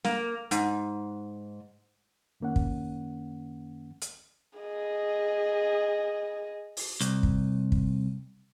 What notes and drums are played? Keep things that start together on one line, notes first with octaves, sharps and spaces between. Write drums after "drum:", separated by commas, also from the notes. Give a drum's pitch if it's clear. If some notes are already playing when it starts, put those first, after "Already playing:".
A#3, drum: snare
G#2, drum: hi-hat
F#2 D#3 A#3 C#4 F#5
drum: kick
drum: hi-hat
G#4 D#5
drum: open hi-hat
C2, drum: hi-hat
drum: kick
drum: kick